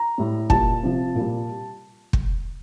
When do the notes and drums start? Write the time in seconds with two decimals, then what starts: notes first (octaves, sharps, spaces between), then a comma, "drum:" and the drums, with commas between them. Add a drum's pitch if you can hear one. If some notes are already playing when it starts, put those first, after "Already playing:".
Already playing: A#5
0.18 A2 G3
0.50 A#2 G3 A5, drum: kick
0.83 C3 F3
1.15 A#2 G3
2.13 drum: kick